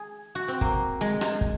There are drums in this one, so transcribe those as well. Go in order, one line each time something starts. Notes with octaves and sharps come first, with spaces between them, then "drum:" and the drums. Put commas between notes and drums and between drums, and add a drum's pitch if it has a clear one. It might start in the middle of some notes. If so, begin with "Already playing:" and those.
Already playing: G#4
F#4
C4
A#3, drum: kick
G#3
drum: rim click
drum: kick